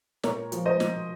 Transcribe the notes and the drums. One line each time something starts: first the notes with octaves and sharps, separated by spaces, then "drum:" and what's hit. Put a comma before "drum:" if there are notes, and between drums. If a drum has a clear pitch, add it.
A#2 A#4 C#5, drum: snare
F3, drum: hi-hat
C5 D#5
F3, drum: snare